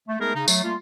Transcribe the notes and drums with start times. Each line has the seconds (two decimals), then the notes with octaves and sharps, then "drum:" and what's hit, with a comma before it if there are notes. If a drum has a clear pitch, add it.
0.08 A3
0.20 G#3 A3 B3 D#4 G#4 A#4
0.35 C#3 D#4
0.48 F#3 A3, drum: tambourine
0.64 G3 A3 A#3 F4